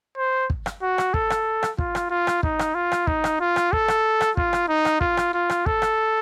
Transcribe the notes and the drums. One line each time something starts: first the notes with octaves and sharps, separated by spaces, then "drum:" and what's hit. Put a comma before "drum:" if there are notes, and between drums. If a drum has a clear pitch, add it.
C5
drum: kick
drum: rim click
F#4
drum: rim click
A4, drum: kick
drum: rim click
drum: rim click
F4, drum: kick
drum: rim click
F4
drum: rim click
D#4, drum: kick
drum: rim click
F4
drum: rim click
D#4, drum: kick
drum: rim click
F4
drum: rim click
A4, drum: kick
drum: rim click
drum: rim click
F4, drum: kick
drum: rim click
D#4
drum: rim click
F4, drum: kick
drum: rim click
F4
drum: rim click
A4, drum: kick
drum: rim click